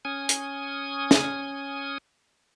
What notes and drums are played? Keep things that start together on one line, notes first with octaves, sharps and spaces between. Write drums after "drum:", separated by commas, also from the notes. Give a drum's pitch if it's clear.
C#4 G#5 D#6
drum: hi-hat
drum: snare